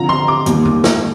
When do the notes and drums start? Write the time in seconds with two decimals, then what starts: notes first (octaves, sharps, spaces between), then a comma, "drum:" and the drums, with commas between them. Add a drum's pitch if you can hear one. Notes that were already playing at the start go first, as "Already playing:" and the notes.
Already playing: D3 F3 C4 F4 A#5
0.09 C6
0.28 D6
0.46 D#2 D#3 G3 A#3, drum: hi-hat
0.65 drum: tom F2
0.84 drum: snare